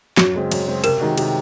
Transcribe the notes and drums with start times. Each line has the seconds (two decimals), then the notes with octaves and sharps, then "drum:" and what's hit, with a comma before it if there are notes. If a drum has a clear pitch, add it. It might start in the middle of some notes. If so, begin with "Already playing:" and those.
0.18 F#2 F#4, drum: snare
0.35 C#3 G#3 C4
0.51 F#2, drum: cymbal
0.67 C#3 G#3 C4
0.84 C3 A#4, drum: cymbal
1.00 D#3 G#3 D#4 F#4
1.17 C3, drum: cymbal